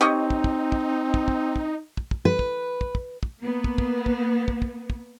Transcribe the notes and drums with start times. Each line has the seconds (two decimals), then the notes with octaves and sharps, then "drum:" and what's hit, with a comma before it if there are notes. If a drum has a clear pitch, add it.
0.01 C4 D#4 G4 C#5 D#5
0.30 drum: kick
0.44 drum: kick
0.72 drum: kick
1.14 drum: kick
1.28 drum: kick
1.56 drum: kick
1.97 drum: kick
2.11 drum: kick
2.25 B4
2.39 drum: kick
2.81 drum: kick
2.95 drum: kick
3.23 drum: kick
3.41 A#3 B3
3.64 drum: kick
3.78 drum: kick
4.06 drum: kick
4.48 drum: kick
4.62 drum: kick
4.90 drum: kick